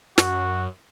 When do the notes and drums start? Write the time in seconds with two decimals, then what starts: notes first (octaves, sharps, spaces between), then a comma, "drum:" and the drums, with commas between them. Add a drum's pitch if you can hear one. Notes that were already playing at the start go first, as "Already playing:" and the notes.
0.18 F#2 F#4, drum: snare